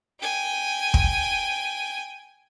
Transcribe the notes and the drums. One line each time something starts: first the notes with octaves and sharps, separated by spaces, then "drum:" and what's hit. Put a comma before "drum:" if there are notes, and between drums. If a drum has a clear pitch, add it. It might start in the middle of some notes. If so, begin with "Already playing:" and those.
G5 G#5
drum: kick